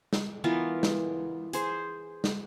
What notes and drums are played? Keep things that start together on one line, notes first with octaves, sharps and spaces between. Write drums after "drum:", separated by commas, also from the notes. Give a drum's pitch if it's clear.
drum: snare
E3 B3 F4 A#4
drum: snare
G#4 C5, drum: hi-hat
drum: snare